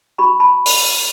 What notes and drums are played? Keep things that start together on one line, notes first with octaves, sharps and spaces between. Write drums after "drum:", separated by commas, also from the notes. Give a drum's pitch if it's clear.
F#4 B5 C#6
A5 B5
drum: open hi-hat